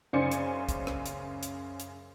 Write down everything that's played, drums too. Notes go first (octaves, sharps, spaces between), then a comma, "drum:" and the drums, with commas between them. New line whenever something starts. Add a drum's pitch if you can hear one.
F#2 C#3 C5 D5 G#5 C#7
drum: hi-hat
drum: kick, hi-hat
drum: rim click
drum: hi-hat
drum: hi-hat
drum: hi-hat